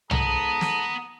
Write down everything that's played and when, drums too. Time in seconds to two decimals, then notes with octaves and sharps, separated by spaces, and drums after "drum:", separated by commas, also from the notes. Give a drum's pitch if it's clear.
0.11 G#2 B3 A4 A5 A#5 D#6, drum: tom
0.61 drum: snare